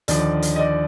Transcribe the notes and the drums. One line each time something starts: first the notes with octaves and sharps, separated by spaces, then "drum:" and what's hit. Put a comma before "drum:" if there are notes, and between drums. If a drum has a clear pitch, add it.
D#2 D3 F3 D5, drum: hi-hat
drum: hi-hat
D#5
D5